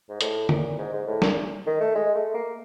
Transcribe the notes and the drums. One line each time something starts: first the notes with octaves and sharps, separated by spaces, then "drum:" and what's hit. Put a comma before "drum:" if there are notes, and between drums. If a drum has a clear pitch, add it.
G#2
A2, drum: hi-hat
A#2, drum: tom
G#2
G#2
A2
A#2, drum: snare
D#3
A3
G#3
A3
A#3